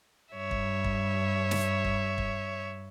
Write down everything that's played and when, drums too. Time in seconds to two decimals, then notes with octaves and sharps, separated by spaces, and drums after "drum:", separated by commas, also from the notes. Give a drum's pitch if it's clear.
0.34 G2 C#5 E5
0.51 drum: kick
0.84 drum: kick
1.51 drum: snare
1.84 drum: kick
2.18 drum: kick